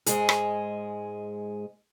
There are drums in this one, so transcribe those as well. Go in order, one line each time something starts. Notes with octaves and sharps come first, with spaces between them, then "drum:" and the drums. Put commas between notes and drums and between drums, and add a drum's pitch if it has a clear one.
G#2 G#3 G#4, drum: hi-hat
drum: rim click